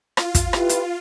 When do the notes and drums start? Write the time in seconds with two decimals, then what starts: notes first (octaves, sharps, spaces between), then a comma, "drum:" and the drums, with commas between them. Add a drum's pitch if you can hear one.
0.17 F4, drum: rim click
0.35 drum: kick, hi-hat
0.53 E4 G4 B4, drum: rim click
0.69 drum: hi-hat